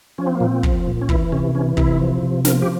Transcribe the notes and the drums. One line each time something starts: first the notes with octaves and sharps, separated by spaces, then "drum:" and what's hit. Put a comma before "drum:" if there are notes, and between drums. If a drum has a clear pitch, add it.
F3 C#4
C4
A#3
A#2 C4
F3, drum: kick
A#2
C#4
E3 E4, drum: kick
C3 C#4
E3 C#4
C3 E4, drum: kick
F3
C3
F3 A#4, drum: snare
G4